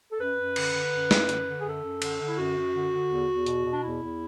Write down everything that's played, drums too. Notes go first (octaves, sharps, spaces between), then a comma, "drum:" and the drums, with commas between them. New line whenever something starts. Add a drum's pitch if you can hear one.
A4
F#2 B4
F#2
D3, drum: cymbal
D3
F#2
F#2, drum: snare
D3, drum: hi-hat
D3
G#4
F#2 A4
F#2
D3, drum: cymbal
D3
E4
F#2 F#4
F#2
D3
D3
E2
E2
B2, drum: hi-hat
B2
D4
E2 E4
E2